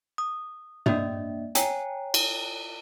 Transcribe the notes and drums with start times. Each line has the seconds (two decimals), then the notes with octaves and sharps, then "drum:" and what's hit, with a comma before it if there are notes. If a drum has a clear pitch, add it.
0.18 D#6
0.86 A#3 D4 D5 E5, drum: tom
1.55 C#5 G5 G#5 A#5, drum: hi-hat
2.14 drum: cymbal